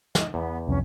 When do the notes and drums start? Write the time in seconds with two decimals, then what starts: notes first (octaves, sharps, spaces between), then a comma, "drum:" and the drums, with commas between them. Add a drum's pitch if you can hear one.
0.15 D#5, drum: snare
0.34 E2 B3
0.68 C2 F2 C#4